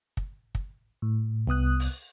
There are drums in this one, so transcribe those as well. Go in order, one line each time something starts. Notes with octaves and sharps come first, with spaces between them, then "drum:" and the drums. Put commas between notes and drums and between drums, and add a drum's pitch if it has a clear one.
drum: kick
drum: kick
A2
C2 B3 D#6 F#6
drum: open hi-hat